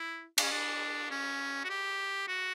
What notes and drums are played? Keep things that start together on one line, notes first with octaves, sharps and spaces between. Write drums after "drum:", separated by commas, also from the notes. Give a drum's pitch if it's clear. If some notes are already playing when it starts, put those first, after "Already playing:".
Already playing: E4
D4, drum: cymbal
C#4
D4
C#4
F#4
G4
F#4